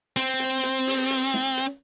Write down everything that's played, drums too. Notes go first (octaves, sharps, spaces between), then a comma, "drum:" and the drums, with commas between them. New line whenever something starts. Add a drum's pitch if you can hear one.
C4, drum: hi-hat
drum: hi-hat
drum: hi-hat
drum: open hi-hat
drum: hi-hat
drum: snare
drum: hi-hat